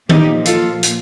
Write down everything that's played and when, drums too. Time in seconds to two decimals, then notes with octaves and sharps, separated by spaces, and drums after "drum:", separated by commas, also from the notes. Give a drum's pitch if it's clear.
0.09 A#2 F3 A#3 D#4 G4, drum: tom D#3
0.45 F4 A4, drum: hi-hat
0.83 drum: hi-hat